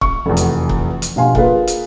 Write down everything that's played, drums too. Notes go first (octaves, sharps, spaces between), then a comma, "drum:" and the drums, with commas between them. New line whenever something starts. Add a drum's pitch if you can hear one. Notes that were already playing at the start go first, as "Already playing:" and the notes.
C#6, drum: kick C#1
F1 E2
drum: hi-hat
drum: kick C#1
drum: hi-hat
A#1 B2 G4 F5 G#5 C6
A#3 F4 G#4 B4, drum: kick C#1
drum: hi-hat